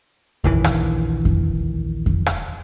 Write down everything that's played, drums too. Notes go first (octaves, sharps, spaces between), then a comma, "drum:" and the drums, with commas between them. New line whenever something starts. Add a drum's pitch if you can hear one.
A#1 D#2 E3, drum: kick F2
drum: rim click
drum: kick F2
drum: kick F2
drum: rim click